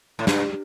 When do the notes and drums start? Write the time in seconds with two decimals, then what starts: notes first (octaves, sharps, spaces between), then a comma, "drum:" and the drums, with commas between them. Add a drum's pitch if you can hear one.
0.19 A2
0.27 G2, drum: snare